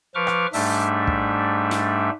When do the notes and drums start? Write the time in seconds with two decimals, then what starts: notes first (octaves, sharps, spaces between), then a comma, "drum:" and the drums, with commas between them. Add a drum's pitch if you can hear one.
0.15 F3 B4 C#6 D6 F6
0.27 drum: rim click
0.53 G#2 G3 A3 D4 E5, drum: open hi-hat
1.07 drum: kick
1.71 drum: snare